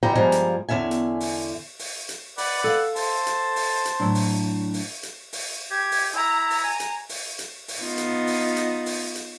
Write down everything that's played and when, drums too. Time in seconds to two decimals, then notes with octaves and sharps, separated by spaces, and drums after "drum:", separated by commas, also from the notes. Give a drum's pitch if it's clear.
0.03 E3 G3 B3 G5 A#5
0.15 G2 F3 G3 G#3 G#5 A#5
0.32 drum: hi-hat
0.69 E2 D3 C#4 E5 G#5
0.91 drum: hi-hat
1.20 drum: open hi-hat
1.79 drum: open hi-hat
2.09 drum: hi-hat
2.38 B4 D5 F#5, drum: open hi-hat
2.64 A4 E5 F5
2.96 C5 A5, drum: open hi-hat
3.27 drum: hi-hat
3.56 drum: open hi-hat
3.85 drum: hi-hat
4.00 A2 F#3 D4
4.15 drum: open hi-hat
4.74 drum: open hi-hat
5.03 drum: hi-hat
5.33 drum: open hi-hat
5.71 G4 G#6
5.92 drum: open hi-hat
6.15 E4 A#5
6.50 drum: open hi-hat
6.64 G#5
6.80 drum: hi-hat
7.09 drum: open hi-hat
7.39 drum: hi-hat
7.68 drum: open hi-hat
7.81 B3 D#4 F4
7.98 drum: hi-hat
8.27 drum: open hi-hat
8.56 drum: hi-hat
8.86 drum: open hi-hat
9.15 drum: hi-hat